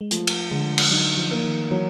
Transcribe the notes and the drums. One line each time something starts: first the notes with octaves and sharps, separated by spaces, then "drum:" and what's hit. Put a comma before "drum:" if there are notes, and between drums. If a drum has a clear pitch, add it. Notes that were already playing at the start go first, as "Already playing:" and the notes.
G#3
F3 A3, drum: hi-hat
drum: cymbal
D3 G#3
drum: cymbal
F#3 D#4
F3
A#3
D#3
E3 F#3